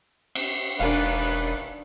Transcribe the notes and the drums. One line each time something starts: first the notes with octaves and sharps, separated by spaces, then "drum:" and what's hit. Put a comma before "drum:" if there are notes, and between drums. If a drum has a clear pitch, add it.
drum: cymbal
E1 D#3 D4 B4 F5 G#5